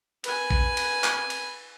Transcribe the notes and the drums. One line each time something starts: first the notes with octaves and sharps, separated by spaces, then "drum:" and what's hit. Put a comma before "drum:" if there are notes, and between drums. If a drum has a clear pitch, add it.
B4 G#5, drum: cymbal
drum: kick A#1
drum: cymbal
drum: clap
drum: cymbal